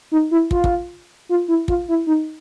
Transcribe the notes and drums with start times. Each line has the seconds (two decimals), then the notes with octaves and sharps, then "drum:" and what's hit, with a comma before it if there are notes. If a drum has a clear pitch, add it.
0.12 D#4
0.31 E4
0.51 F4, drum: kick
0.64 drum: kick
1.29 F4
1.48 E4
1.68 F4, drum: kick
1.88 E4
2.07 D#4